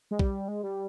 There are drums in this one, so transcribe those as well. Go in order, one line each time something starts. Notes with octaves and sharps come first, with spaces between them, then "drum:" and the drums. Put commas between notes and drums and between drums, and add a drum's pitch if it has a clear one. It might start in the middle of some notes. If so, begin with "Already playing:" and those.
G#3
G3, drum: kick
G#3
G3